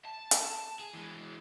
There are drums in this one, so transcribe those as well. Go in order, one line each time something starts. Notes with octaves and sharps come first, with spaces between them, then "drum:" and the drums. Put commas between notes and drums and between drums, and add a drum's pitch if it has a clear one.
A5
drum: hi-hat
G#4
E3 G#3